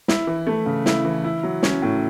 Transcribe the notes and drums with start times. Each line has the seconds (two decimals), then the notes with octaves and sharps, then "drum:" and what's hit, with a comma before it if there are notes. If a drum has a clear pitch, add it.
0.08 E4, drum: snare
0.27 E3
0.47 A3
0.66 C#3
0.86 E4, drum: snare
1.05 E3
1.24 E4
1.43 F#3
1.63 C#4, drum: snare
1.82 A2